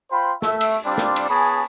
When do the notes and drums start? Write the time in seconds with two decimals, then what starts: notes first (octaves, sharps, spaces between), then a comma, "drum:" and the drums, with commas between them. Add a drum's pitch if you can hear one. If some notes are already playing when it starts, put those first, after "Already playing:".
0.11 F4 C5 G5 B5
0.42 A3 E5, drum: snare
0.61 drum: cymbal
0.86 G3 C4 D4 F4 D5
0.98 drum: snare
1.16 drum: cymbal
1.29 B3 G#4 C#5 G#5 A5 B5